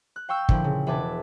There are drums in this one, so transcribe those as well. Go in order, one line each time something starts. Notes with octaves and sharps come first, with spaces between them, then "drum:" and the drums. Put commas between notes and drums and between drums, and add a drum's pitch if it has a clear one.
F#6
F5 G5 C#6 E6 G6
A#2 D3 F3 E4, drum: kick
C#3
E1 B4 E5 A5 D6 G#6